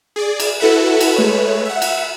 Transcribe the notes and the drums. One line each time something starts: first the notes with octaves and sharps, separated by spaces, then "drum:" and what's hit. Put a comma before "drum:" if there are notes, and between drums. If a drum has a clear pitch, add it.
G#4 D5
drum: cymbal
E4 F#4 A4 B4 E5 F#5
drum: cymbal
G#3 A3 B4 C#5
E5 F#5
drum: cymbal